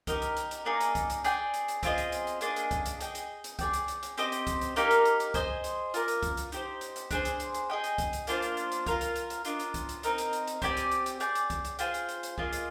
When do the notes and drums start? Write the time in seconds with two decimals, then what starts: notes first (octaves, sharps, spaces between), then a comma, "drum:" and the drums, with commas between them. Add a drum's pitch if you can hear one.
0.07 D#4 G4 A#4 D#5, drum: kick C2, hi-hat
0.22 drum: hi-hat
0.37 drum: hi-hat
0.51 drum: hi-hat
0.65 A#3 D#4 G#4 D5
0.80 drum: hi-hat
0.95 drum: kick C2, hi-hat
1.10 drum: hi-hat
1.24 G#4 D5 G5, drum: hi-hat
1.54 drum: hi-hat
1.68 drum: hi-hat
1.83 C4 F4 G#4 D#5, drum: kick C2, hi-hat
1.98 drum: hi-hat
2.12 drum: hi-hat
2.27 drum: hi-hat
2.41 A#3 D4 G#4 D#5, drum: hi-hat
2.56 drum: hi-hat
2.71 drum: kick C2, hi-hat
2.86 drum: hi-hat
3.01 G#4 D#5 G5, drum: hi-hat
3.15 drum: hi-hat
3.44 drum: hi-hat
3.59 G#4 D5 G5, drum: kick C2, hi-hat
3.74 drum: hi-hat
3.88 drum: hi-hat
4.03 drum: hi-hat
4.18 C4 G4 C5 D#5, drum: hi-hat
4.32 drum: hi-hat
4.47 drum: kick C2, hi-hat
4.61 drum: hi-hat
4.76 A#3 D#4 G4 A#4, drum: hi-hat
4.91 drum: hi-hat
5.05 drum: hi-hat
5.20 drum: hi-hat
5.34 G#4 C5 D#5 G#5, drum: kick C2, hi-hat
5.64 drum: hi-hat
5.94 F4 A#4 D5, drum: hi-hat
6.08 drum: hi-hat
6.23 drum: kick C2, hi-hat
6.37 drum: hi-hat
6.52 D#4 G4 C5, drum: hi-hat
6.81 drum: hi-hat
6.96 drum: hi-hat
7.11 D4 G#4 C5, drum: kick C2, hi-hat
7.25 drum: hi-hat
7.40 drum: hi-hat
7.54 drum: hi-hat
7.70 G#4 D#5 G5
7.84 drum: hi-hat
7.98 drum: kick C2, hi-hat
8.13 drum: hi-hat
8.27 A#3 D4 F4 C5, drum: hi-hat
8.42 drum: hi-hat
8.57 drum: hi-hat
8.72 drum: hi-hat
8.86 F4 A#4 F5, drum: kick C2, hi-hat
9.01 drum: hi-hat
9.16 drum: hi-hat
9.30 drum: hi-hat
9.45 D4 F4 A#4 D#5, drum: hi-hat
9.60 drum: hi-hat
9.74 drum: kick C2, hi-hat
9.89 drum: hi-hat
10.03 C4 D#4 A#4 D#5, drum: hi-hat
10.18 drum: hi-hat
10.33 drum: hi-hat
10.47 drum: hi-hat
10.62 C4 G4 D5 G#5, drum: kick C2, hi-hat
10.77 drum: hi-hat
10.91 drum: hi-hat
11.06 drum: hi-hat
11.20 G#4 D5 G5, drum: hi-hat
11.35 drum: hi-hat
11.50 drum: kick C2, hi-hat
11.65 drum: hi-hat
11.79 F4 G#4 C5 G5, drum: hi-hat
11.94 drum: hi-hat
12.09 drum: hi-hat
12.23 drum: hi-hat
12.38 A#3 F4 G#4 D#5, drum: kick C2
12.53 drum: hi-hat